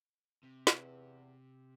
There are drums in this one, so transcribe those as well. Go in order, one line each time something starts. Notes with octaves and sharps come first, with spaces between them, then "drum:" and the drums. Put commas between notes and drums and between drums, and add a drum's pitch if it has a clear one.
C3
E2, drum: snare